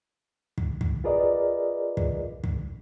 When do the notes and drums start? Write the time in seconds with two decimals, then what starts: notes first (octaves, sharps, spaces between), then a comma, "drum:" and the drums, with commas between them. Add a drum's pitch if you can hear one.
0.58 drum: kick
0.81 drum: kick
1.04 F4 G#4 A#4 B4 D5 D#5
1.97 drum: kick
2.44 drum: kick